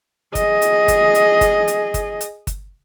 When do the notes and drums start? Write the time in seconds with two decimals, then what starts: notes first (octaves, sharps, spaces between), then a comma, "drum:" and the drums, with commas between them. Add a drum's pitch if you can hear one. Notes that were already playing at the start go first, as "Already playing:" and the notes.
0.35 G#4 D#5, drum: kick G1, hi-hat
0.62 drum: hi-hat
0.88 drum: kick G1, hi-hat
1.15 drum: hi-hat
1.41 drum: kick G1, hi-hat
1.68 drum: hi-hat
1.94 drum: kick G1, hi-hat
2.21 drum: hi-hat
2.47 drum: kick G1, hi-hat